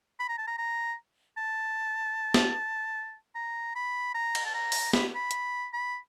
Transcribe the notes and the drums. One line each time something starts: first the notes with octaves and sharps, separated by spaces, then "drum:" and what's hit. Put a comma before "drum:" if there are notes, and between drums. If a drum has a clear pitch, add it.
B5
A#5
A5
A#5
A#5
A5
drum: snare
A#5
B5
A#5
drum: cymbal
A5
A#5
drum: open hi-hat
B5, drum: snare
B5
drum: hi-hat
B5